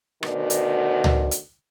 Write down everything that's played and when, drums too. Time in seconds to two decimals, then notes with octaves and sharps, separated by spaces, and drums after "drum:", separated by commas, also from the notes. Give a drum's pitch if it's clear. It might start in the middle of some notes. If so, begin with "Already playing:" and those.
0.23 D2 B2 D#3 F#4 C5 D5, drum: rim click
0.50 drum: hi-hat
1.04 drum: tom C#2
1.31 drum: hi-hat